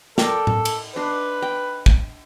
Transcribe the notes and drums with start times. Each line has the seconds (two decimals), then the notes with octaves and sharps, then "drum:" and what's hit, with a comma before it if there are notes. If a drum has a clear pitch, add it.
0.18 A4 A#4 D5 G5, drum: snare
0.47 drum: tom A2
0.65 drum: cymbal
0.96 D4 B4 C6
1.42 G5
1.86 drum: kick